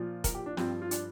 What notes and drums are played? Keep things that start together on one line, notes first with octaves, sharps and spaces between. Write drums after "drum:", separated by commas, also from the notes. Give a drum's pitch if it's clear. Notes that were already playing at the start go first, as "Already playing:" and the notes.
Already playing: A#2 F3
A#4, drum: kick F1, hi-hat
G4
D4
G2 F3 C4, drum: snare
F4
D4, drum: hi-hat